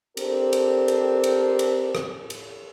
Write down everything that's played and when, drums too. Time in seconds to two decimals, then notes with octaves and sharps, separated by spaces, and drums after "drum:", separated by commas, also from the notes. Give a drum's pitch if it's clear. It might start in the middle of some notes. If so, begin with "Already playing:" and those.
0.17 C4 D4 G4 A4 A#4 C5, drum: cymbal
0.53 drum: cymbal
0.88 drum: cymbal
1.24 drum: cymbal
1.59 drum: cymbal
1.95 drum: rim click
2.30 drum: cymbal